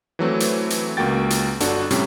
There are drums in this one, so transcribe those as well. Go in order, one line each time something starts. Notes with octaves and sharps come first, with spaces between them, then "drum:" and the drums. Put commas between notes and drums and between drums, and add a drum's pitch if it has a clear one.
E3 F#3 A3 C4
drum: hi-hat
drum: hi-hat
C#2 A#3 F#4 G5 A6
drum: hi-hat
G1 D4 F#4 A4, drum: hi-hat
A2 C3 G3 C4 C#4, drum: hi-hat